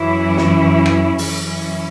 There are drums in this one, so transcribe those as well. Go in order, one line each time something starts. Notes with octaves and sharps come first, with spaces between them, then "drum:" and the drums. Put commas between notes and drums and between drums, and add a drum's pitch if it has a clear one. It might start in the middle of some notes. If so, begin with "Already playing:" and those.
Already playing: F#2 E3 C#4 E4
drum: snare
drum: rim click
F#2 E3 C#4 E4, drum: open hi-hat